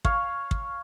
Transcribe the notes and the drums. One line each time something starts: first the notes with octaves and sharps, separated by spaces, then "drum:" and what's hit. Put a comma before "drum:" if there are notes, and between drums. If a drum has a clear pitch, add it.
C#5 F5, drum: kick
drum: kick